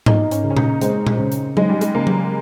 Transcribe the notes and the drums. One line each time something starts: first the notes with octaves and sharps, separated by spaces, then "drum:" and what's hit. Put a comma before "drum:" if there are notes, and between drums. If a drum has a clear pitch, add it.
A#3 D#4, drum: tom G#2
C#4, drum: hi-hat
C#3
C#4
D#4, drum: tom A#2
G#3 C4, drum: hi-hat
drum: tom A#2
C#3
drum: hi-hat
G#3 D#4, drum: tom F#3
G3
G#3, drum: hi-hat
C#3 A#3
drum: tom F#3